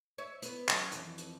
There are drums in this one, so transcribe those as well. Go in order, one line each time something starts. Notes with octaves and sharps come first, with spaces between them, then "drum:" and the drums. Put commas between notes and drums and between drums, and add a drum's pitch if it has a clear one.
C#5 E5
B3 B4, drum: hi-hat
F#3 C#4, drum: clap
F2 E3, drum: hi-hat
drum: hi-hat